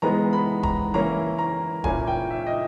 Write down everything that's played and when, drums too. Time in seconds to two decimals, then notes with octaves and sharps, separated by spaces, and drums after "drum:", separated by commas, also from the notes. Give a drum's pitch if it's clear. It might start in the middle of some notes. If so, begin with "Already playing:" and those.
0.02 E3 G#3 B3 A#5
0.33 B5
0.63 A#5, drum: kick E1
0.94 E3 A#3 C#4 E4 A#5
1.39 A#5
1.84 A#2 A#3 C#4 E4 G#5, drum: kick E1
2.07 G5
2.31 E5
2.46 D#5